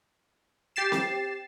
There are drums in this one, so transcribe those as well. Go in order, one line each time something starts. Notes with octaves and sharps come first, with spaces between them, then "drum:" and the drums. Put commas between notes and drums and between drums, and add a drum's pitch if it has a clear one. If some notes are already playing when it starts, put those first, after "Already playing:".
G4 A6 C7 E7
drum: snare C4